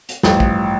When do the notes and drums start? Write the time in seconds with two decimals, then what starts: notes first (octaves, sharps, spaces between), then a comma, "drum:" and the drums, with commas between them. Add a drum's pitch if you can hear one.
0.09 drum: hi-hat
0.23 A1 G2 F3, drum: snare
0.40 drum: kick